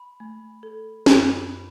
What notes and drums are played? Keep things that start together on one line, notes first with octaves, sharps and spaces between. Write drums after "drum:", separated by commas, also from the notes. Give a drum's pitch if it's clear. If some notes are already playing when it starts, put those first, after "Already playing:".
Already playing: B5
A3
A4
F#2 B5, drum: snare